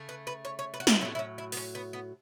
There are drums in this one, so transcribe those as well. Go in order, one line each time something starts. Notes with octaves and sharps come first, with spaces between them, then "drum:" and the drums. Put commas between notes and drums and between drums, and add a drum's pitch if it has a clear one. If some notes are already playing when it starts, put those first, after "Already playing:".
Already playing: C#3 A3
B4
B4
C#5
C#5
B4
F#4
A4, drum: snare
A2 F#3 A3 E4
E4
C#4
E4
B3, drum: open hi-hat
C#4
B3
B3